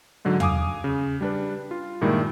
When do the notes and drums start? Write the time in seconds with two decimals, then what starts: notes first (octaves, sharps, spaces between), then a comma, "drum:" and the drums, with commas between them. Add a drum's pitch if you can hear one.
0.25 G#2 D3 F#3
0.40 F5 G#5 D6 D#6, drum: tom E2
0.84 C#3
1.21 G3 D4 B4
1.71 F4
2.01 G2 A#2 D#3 G#3 E4